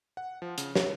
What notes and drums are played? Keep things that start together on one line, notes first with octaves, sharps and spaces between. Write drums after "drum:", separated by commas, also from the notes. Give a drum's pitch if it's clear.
F#5
F3
C#3, drum: hi-hat
C#5, drum: snare